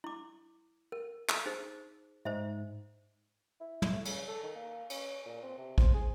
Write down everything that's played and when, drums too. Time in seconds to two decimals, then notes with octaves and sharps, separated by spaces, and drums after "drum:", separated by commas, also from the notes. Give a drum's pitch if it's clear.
0.04 E4 D6
0.92 A#4
1.29 drum: clap
1.46 D#4 G#4 C5
2.25 G#2 C5 D#5 E5
3.60 E4
3.82 drum: tom
3.93 A3
4.05 C#3, drum: cymbal
4.28 A4
4.43 D#3
4.55 A#3
4.90 C#4, drum: cymbal
5.25 A#2
5.43 C4
5.58 C3
5.78 C5, drum: kick A1
5.94 G#4